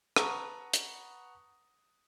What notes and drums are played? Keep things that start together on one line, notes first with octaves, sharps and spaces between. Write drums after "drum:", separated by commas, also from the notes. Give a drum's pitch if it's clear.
B4 F#5 A5 A#5 C#6 D#6, drum: rim click
drum: hi-hat